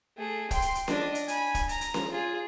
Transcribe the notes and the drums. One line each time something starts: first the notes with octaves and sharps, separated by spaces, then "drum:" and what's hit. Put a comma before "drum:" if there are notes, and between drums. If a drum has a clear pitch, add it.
A3 G#4
G5 C6, drum: kick, hi-hat
drum: hi-hat
drum: hi-hat
D4 D#5, drum: snare C#4
drum: hi-hat
G#5 B5, drum: hi-hat
drum: kick, hi-hat
A#5, drum: hi-hat
drum: hi-hat
drum: snare C#4
F4 G#4